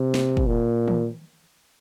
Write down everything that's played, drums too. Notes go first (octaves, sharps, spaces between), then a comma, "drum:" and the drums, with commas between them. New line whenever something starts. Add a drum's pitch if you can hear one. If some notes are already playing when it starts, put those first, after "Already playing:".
Already playing: C3
drum: snare
drum: kick
A#2
drum: tom D#3